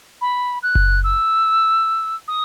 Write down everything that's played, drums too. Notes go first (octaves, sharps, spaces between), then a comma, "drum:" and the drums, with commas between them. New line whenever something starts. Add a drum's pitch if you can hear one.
B5
F#6
drum: kick F#1
E6
D#6